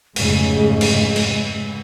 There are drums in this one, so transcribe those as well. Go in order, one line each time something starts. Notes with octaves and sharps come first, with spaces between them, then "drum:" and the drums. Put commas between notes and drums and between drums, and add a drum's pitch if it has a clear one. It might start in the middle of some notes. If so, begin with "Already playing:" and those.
F1 G#2 C#3 G#3, drum: cymbal
drum: cymbal
drum: cymbal